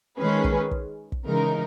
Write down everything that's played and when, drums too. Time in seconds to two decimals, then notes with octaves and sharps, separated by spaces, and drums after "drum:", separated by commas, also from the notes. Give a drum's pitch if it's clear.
0.18 D#3 G#3 C#4 G#4 B4
0.44 drum: kick
0.71 drum: kick
1.12 drum: kick
1.26 C#3 E3 G#3 D#4 A#4